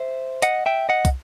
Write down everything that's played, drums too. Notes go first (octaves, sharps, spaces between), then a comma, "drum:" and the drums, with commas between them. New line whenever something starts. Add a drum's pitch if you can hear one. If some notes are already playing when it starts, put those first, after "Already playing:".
Already playing: C5 E5
D#5 F#5, drum: hi-hat
E5 G5
D#5 F#5
drum: kick, hi-hat